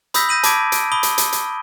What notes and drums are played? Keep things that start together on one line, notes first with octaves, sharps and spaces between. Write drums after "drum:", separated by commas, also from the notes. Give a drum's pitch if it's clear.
B5 D#6 E6 G6 A#6 B6, drum: hi-hat
G6 A#6 D#7 F#7
A5 B5 D6 G#6 B6 D7, drum: hi-hat
D7, drum: hi-hat
B5 D#6 G7
drum: hi-hat
drum: hi-hat
drum: hi-hat